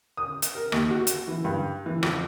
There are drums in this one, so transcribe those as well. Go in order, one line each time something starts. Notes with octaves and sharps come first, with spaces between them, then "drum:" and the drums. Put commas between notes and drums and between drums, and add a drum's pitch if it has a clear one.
D#6
drum: hi-hat
A#4
D#2, drum: rim click
F#4
drum: hi-hat
E3
G2
E3
F2, drum: rim click